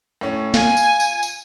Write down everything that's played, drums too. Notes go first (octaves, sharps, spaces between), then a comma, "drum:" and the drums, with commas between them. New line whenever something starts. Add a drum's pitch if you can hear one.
A2 C#4
F4 G#5, drum: snare
drum: tambourine
drum: tambourine
drum: tambourine